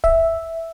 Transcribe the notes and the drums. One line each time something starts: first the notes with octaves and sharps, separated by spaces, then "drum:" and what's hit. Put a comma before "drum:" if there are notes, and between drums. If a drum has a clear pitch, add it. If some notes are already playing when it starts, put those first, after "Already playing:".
E5, drum: kick